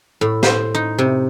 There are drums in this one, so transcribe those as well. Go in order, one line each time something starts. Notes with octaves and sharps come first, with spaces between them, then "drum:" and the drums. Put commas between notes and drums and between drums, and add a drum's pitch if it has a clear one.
A2
C5, drum: snare
D#4
C3